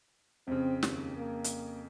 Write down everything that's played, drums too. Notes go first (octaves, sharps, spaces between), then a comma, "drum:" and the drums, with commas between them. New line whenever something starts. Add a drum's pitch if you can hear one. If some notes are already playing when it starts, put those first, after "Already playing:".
F2 C#3 C4
D#2, drum: snare
A#3
drum: hi-hat